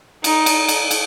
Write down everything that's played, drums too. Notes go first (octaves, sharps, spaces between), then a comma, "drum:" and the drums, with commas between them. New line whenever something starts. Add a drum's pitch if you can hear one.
D#4, drum: cymbal
drum: cymbal
drum: cymbal
drum: cymbal